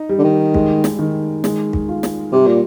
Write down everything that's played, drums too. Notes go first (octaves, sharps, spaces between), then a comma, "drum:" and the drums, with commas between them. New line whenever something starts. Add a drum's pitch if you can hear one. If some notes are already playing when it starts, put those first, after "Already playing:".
Already playing: D#4
G3
D3
D#3
G#3, drum: kick
drum: snare
D#3
G#3, drum: snare
drum: kick
F4
drum: snare
C3 G3
A#2